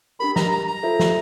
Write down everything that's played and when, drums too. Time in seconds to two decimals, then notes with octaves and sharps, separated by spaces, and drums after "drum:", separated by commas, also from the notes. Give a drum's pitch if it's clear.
0.20 D4 G4 A#4 B5
0.36 A#5, drum: snare
0.51 A#5
0.68 A#5
0.83 F4 A4 C5 E5
0.99 drum: snare